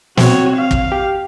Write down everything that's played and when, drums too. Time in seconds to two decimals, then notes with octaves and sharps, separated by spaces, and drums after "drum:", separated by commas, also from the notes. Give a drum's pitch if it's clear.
0.17 C4 F#4 C#5, drum: snare
0.56 F5
0.71 drum: kick
0.92 G4